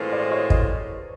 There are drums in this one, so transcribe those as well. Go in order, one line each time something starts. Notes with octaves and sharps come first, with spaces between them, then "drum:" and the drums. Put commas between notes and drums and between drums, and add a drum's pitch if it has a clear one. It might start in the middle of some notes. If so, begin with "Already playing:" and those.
Already playing: A2 E3 G#3 C4 F4 A4 B4 C#5
C5 D5
C#5 D#5
C#5 D#5, drum: kick